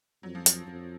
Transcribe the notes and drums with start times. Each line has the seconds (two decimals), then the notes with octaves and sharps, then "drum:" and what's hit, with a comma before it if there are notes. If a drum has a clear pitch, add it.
0.23 F2 F#3
0.35 F3
0.46 F#3, drum: hi-hat
0.66 F2